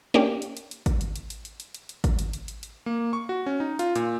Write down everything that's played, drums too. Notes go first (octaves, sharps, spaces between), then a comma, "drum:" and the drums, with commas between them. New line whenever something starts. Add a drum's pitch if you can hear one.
A#3 C#4 D4 G4
drum: hi-hat
drum: hi-hat
drum: hi-hat
drum: kick G#1, hi-hat
drum: hi-hat
drum: hi-hat
drum: hi-hat
drum: hi-hat
drum: hi-hat
drum: hi-hat
drum: hi-hat
drum: kick G#1, hi-hat
drum: hi-hat
drum: hi-hat
drum: hi-hat
drum: hi-hat
A#3
C#6
F#4
C#4
D#4
F4, drum: hi-hat
A#2, drum: hi-hat